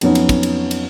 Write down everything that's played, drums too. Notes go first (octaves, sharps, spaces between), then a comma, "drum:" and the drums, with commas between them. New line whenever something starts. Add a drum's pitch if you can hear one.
F2 F#3 B3 C#4 D#4, drum: cymbal
drum: cymbal
drum: kick, cymbal
drum: cymbal
drum: cymbal